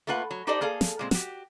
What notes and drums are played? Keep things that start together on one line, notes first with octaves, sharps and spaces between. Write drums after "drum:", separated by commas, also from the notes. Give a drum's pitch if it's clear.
A3 A#3 F4 B4 F#5
F#3
D#4 G4 A4 C5 D5 D#5
A#3 G#4 A4 F5
drum: snare
A#2 G#3 C4
F#4 G4, drum: snare